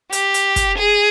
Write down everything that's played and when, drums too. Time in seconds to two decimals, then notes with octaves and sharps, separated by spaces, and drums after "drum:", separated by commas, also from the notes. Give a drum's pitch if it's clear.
0.12 G4, drum: hi-hat
0.34 drum: hi-hat
0.56 drum: kick, hi-hat
0.78 G#4